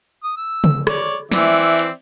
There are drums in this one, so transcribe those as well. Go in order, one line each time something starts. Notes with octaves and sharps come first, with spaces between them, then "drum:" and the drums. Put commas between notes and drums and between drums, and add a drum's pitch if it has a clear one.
D#6
E6
drum: tom C#3
C#5 D5, drum: rim click
E3 C4 D5 E5, drum: snare
drum: hi-hat